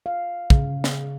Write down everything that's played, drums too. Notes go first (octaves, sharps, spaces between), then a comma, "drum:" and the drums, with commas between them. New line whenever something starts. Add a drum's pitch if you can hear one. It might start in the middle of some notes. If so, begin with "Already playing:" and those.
F5
C#3, drum: kick
drum: snare